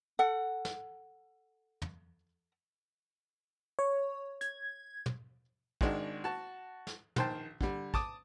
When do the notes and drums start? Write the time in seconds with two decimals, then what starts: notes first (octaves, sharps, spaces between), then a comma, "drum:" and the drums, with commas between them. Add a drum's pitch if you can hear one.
0.19 A4 F#5
0.65 drum: snare
1.82 drum: tom
3.79 C#5
4.41 G#6, drum: hi-hat
5.06 drum: tom
5.81 G#1 D#3 G#3 D4 F#4, drum: kick
6.24 F#4 A5
6.87 drum: snare
7.16 A#1 D#3 C5 G5 A5, drum: tom
7.61 D3 G3, drum: kick
7.94 A5 D6 D#6, drum: kick